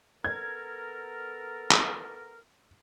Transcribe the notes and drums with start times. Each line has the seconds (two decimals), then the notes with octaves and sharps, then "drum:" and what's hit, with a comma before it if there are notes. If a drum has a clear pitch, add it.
0.24 B3 A4 A#4 G#6
1.71 drum: clap